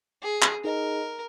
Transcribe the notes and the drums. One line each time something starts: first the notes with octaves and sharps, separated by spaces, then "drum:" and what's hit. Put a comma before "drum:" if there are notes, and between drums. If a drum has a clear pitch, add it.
G#4
drum: clap
D#4 G#4 A#4 D#5